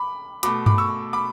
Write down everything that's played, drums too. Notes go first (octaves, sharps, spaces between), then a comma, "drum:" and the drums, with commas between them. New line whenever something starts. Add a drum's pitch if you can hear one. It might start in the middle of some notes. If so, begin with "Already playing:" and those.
Already playing: B5 D6
B2 A3 B5 D6, drum: hi-hat
B5 D6, drum: tom G2
C#6 E6
B5 D6